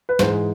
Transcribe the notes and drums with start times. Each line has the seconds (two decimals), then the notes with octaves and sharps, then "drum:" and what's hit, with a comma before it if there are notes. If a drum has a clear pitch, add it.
0.09 B4
0.19 G#2 E3 G#3 C5, drum: snare